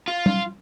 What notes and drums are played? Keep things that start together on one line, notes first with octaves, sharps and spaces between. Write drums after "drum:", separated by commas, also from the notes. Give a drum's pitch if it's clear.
F4
drum: tom G3